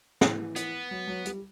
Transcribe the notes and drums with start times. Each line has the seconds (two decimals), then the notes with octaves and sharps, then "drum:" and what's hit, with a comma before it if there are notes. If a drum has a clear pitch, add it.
0.21 E3, drum: snare
0.56 B3, drum: hi-hat
0.91 F#3
1.07 F#3
1.25 G3, drum: hi-hat